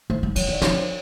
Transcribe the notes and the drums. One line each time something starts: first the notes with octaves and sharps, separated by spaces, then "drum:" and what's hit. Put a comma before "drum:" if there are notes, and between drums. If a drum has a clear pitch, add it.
A3 C5
G3
F#3 C#5, drum: cymbal
F3
D5
E3 C#5, drum: snare
C5